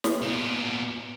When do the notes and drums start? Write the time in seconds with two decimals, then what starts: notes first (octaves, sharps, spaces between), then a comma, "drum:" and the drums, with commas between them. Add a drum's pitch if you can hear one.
0.04 drum: snare
0.22 A#2 B3